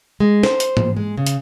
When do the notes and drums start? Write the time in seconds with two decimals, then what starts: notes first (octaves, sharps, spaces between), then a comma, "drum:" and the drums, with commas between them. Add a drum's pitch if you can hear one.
0.20 G#3
0.43 C5, drum: snare
0.60 drum: hi-hat
0.77 drum: tom
0.96 G#3
1.17 C#3
1.27 drum: hi-hat